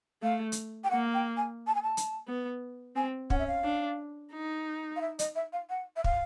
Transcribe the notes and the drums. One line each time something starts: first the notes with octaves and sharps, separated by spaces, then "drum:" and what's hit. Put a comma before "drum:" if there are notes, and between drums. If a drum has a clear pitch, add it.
A3 F5
drum: hi-hat
G5
A#3 F#5
G5
G#5
A5
G#5
A5
drum: hi-hat
B3
C4 G#5
C#4 F#5, drum: kick
E5
F5
D4
D#4
F5
E5
D#5, drum: hi-hat
E5
F5
F#5
E5
F5, drum: kick